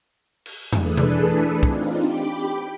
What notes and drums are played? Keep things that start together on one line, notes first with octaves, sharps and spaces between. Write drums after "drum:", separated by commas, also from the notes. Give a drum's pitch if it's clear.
drum: cymbal
E3 A3 D4 G#4 A4 B4, drum: tom
drum: tom B2
C4 D4 D#4 F4, drum: kick
G4 G5 B5 D6